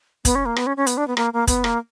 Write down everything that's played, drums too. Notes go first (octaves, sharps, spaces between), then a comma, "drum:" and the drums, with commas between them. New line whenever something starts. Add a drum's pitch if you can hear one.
B3, drum: kick, hi-hat
C#4
A#3
B3, drum: rim click
C#4
C#4
B3, drum: hi-hat
D4
B3
A#3, drum: rim click
A#3
B3, drum: kick, hi-hat
A#3, drum: rim click